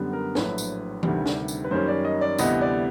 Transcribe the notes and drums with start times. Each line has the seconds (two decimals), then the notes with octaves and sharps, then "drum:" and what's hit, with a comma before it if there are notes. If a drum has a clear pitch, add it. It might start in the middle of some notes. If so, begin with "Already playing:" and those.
Already playing: F#2 D3 G3 B3
0.13 A#4
0.35 A#1 A2 F#3 B4, drum: snare
0.58 drum: tambourine
1.03 D2 C3 D#3 G3, drum: tom E3
1.26 drum: snare
1.48 drum: tambourine
1.64 B4
1.71 F#2 D#3 G3 A#3 C#4 C5
1.88 D5
2.05 D#5
2.21 D5
2.38 D2 C3 E3 G3 B3 D#5, drum: tambourine
2.61 D5